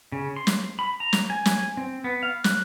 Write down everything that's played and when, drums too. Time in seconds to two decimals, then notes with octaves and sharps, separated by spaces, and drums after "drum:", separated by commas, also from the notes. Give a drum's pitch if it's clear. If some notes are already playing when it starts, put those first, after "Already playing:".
0.12 C#3
0.36 C6
0.47 drum: snare
0.79 B5
1.00 A#5
1.13 drum: snare
1.30 G#5
1.45 drum: snare
1.77 C4
2.04 B3
2.23 F5
2.44 F#6, drum: snare